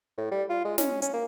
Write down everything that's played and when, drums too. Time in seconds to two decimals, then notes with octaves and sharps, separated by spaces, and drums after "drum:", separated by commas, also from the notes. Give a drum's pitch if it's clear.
0.18 A2
0.31 G3
0.49 F4
0.65 G#3
0.78 C#4, drum: snare
1.02 C#4, drum: hi-hat
1.13 A#3